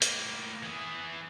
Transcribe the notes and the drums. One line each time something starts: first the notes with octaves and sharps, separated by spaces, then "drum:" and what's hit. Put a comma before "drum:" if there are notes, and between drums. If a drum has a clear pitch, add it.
A2 A#3, drum: hi-hat
E3 G#4